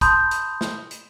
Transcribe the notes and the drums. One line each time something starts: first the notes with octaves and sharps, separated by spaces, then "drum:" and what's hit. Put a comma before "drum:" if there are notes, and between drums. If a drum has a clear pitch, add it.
A5 B5 C6 D#6 G6, drum: kick B1, hi-hat
drum: hi-hat
drum: snare
drum: hi-hat